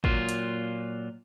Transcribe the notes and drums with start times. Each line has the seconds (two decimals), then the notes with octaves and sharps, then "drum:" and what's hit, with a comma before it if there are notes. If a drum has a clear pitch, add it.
0.04 A#2 F#3 F4, drum: kick G#1
0.29 drum: hi-hat